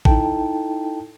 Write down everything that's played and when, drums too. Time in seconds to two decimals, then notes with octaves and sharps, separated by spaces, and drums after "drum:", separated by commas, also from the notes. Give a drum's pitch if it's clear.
0.05 D#4 E4 A4 G5 A5, drum: kick A1